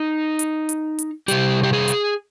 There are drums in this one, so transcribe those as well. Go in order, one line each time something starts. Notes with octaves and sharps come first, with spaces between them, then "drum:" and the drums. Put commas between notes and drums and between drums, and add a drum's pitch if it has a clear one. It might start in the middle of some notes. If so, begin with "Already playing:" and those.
Already playing: D#4
drum: hi-hat
drum: hi-hat
drum: hi-hat
C3 G3 G4, drum: hi-hat
G4
G#4
drum: hi-hat